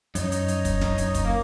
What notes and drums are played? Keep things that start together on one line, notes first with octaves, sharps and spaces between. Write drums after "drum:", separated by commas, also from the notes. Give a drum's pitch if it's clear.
F#2 D#4 C#5, drum: hi-hat
drum: hi-hat
drum: hi-hat
drum: kick, hi-hat
drum: snare
drum: hi-hat
drum: kick, hi-hat
A#3